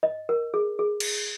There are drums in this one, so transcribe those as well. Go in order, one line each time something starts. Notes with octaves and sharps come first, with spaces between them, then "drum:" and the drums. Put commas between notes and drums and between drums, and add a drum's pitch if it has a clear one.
D#5
A#4
G#4
G#4
drum: cymbal